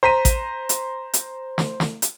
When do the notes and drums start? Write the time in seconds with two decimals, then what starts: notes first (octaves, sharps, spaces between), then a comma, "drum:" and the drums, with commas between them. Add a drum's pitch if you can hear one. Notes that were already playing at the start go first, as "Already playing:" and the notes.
0.03 C5 A#5 B6 D#7
0.25 drum: kick A1, hi-hat
0.69 drum: hi-hat
1.13 drum: hi-hat
1.58 drum: snare
1.80 drum: snare
2.02 drum: hi-hat